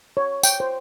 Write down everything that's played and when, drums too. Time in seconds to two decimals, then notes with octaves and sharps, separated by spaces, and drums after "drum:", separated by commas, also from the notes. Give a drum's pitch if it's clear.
0.17 C#5
0.43 G5, drum: tambourine
0.60 C5